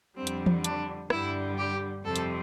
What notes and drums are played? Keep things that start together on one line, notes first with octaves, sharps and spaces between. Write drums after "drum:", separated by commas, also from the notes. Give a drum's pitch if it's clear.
F2 D3 G3 C4
drum: hi-hat
drum: tom E3
D4, drum: hi-hat
G2 D3 G3 E4, drum: rim click
G4
F2 C3 G3 A4
drum: hi-hat